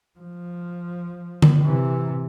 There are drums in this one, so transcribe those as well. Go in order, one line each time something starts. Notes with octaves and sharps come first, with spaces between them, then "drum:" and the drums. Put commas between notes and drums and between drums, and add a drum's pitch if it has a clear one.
F3
drum: tom D3
C3 E3